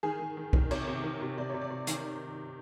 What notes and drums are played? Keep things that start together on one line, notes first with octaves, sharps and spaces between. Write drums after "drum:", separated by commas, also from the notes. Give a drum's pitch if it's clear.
D#3 G#4
D#3
D#3
D#3, drum: kick B1
C3 C#5, drum: cymbal
C3
D#3
C3
C3 D5
C3 C#5
D5
C3
D#3, drum: hi-hat